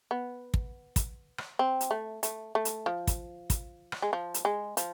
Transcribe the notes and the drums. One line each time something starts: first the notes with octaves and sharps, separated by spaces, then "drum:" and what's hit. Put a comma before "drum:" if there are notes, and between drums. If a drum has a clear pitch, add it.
B3
drum: kick
drum: kick, hi-hat
drum: rim click
C4
drum: hi-hat
A3
A3, drum: hi-hat
A3
drum: hi-hat
F3
drum: kick, hi-hat
drum: kick, hi-hat
drum: rim click
G#3
F3
drum: hi-hat
G#3
F3, drum: hi-hat